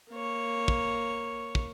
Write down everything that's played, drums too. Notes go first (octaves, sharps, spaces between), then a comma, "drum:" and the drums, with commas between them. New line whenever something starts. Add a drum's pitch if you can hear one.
A#3 C#5
drum: kick
drum: kick